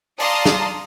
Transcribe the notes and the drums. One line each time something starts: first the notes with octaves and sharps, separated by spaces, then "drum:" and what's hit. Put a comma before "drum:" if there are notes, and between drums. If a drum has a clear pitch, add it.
D5 F5 A5 A#5 C6 D#6, drum: open hi-hat
drum: snare